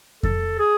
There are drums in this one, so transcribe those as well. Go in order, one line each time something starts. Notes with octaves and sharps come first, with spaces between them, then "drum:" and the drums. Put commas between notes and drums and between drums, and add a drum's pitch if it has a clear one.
A4, drum: kick F2
G#4